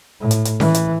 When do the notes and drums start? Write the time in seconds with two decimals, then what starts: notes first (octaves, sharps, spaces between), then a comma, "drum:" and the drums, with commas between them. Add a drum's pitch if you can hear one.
0.21 A2
0.31 drum: hi-hat
0.45 drum: hi-hat
0.60 E3, drum: snare C#4
0.74 drum: hi-hat